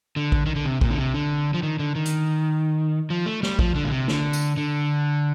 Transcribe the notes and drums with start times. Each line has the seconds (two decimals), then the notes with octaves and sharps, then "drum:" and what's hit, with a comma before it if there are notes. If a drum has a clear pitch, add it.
0.16 D3
0.32 drum: kick
0.46 D#3
0.56 D3
0.65 C3
0.81 A#2, drum: kick
0.90 D3
0.98 C3
1.14 D3
1.54 F3
1.63 D#3
1.79 D3
1.95 D#3
2.05 drum: hi-hat
3.10 F3
3.26 A3
3.43 G3, drum: snare
3.59 F3, drum: kick
3.75 D3
3.85 A#2
3.92 C3
4.08 D3, drum: snare
4.33 drum: tambourine
4.57 D3